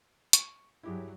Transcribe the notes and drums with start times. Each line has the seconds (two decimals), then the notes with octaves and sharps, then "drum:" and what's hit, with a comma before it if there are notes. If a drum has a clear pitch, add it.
0.33 C#6, drum: hi-hat
0.83 G2 F#3 E4 G4 G#4